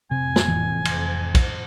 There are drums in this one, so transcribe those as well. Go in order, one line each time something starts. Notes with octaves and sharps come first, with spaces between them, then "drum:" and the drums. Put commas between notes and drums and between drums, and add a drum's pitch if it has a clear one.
F2 A2 C3 G#5
drum: snare
F1 E3
drum: cymbal
drum: kick, cymbal